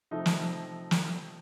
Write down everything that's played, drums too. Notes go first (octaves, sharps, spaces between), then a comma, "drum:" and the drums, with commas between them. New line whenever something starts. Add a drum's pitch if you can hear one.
C3 F3 A3 D#4
drum: snare
drum: snare